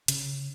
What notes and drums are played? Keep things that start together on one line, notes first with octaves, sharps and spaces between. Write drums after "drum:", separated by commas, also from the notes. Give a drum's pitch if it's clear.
C#3, drum: hi-hat